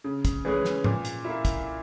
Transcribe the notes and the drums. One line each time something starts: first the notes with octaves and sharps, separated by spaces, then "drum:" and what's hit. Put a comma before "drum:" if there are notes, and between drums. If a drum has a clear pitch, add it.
C#3
drum: kick, hi-hat
E3 G#3 C#4 G#4
drum: snare
A#2, drum: tom G#2
drum: hi-hat
A#3 E4
drum: kick, hi-hat